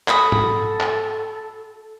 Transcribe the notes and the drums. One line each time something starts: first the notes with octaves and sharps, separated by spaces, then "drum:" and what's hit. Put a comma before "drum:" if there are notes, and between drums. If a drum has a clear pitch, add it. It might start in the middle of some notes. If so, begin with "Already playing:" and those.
F#4 A4 B5 D#6, drum: clap
drum: tom G#2
drum: clap